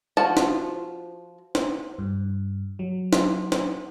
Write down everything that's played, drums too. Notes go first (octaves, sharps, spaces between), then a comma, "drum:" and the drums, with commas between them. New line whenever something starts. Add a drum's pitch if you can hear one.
F3 F#4 A5
drum: snare
drum: snare
G2
F#3
drum: snare
drum: snare